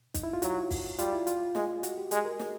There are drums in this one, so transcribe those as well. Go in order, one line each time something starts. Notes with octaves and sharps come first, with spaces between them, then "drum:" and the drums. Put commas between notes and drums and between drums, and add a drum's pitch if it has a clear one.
D#4, drum: kick, hi-hat
E4
F4
F#3 F#4, drum: hi-hat
drum: kick, open hi-hat
G3 F4, drum: hi-hat
E4
F4, drum: hi-hat
G#3, drum: snare
F#4, drum: hi-hat
G4
G#3 G#4, drum: hi-hat
A#4
drum: snare